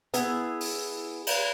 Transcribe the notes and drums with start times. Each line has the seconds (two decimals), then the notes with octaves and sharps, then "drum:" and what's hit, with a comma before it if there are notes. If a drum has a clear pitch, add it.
0.14 B3 E4 G#4, drum: hi-hat
0.60 drum: open hi-hat
1.27 drum: cymbal